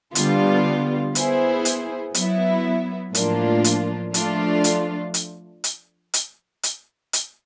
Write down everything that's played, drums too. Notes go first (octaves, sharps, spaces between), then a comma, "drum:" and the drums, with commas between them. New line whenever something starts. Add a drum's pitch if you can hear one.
D3 G3 B3 D4 F4, drum: hi-hat
B3 E4 G#4 C5, drum: hi-hat
drum: hi-hat
F#3 B3 E4, drum: hi-hat
A2 F3 A#3 D4 F4, drum: hi-hat
drum: hi-hat
F3 A3 D4 F4, drum: hi-hat
drum: hi-hat
drum: hi-hat
drum: hi-hat
drum: hi-hat
drum: hi-hat
drum: hi-hat